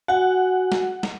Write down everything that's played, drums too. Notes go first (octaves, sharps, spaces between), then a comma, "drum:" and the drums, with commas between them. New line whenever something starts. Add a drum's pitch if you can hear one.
F#4 F#5 G#5
drum: snare
drum: snare